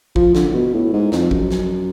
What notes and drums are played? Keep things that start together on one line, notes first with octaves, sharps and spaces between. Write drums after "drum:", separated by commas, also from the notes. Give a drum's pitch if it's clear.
F3, drum: kick G#1
D3, drum: snare
A2
B2
A2
G#2
F2, drum: snare
F#2, drum: kick G#1
drum: snare